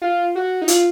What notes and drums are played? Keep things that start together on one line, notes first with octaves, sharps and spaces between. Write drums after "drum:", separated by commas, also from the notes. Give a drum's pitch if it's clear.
F4
F#4
D#4
F4, drum: hi-hat